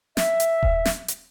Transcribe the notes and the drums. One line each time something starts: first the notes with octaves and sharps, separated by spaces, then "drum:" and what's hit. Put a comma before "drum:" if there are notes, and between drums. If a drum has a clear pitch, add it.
E5, drum: snare
drum: hi-hat
drum: kick D#1
drum: snare
drum: hi-hat